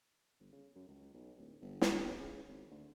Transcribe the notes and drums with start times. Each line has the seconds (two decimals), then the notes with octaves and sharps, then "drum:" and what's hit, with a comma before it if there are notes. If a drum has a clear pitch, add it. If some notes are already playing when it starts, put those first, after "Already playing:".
0.40 G1
0.53 C#3
0.76 F#2
0.88 C#2
1.14 B1
1.37 D1
1.62 G1
1.81 G#1, drum: snare
1.96 A1
2.20 C#3
2.48 G#1
2.71 D2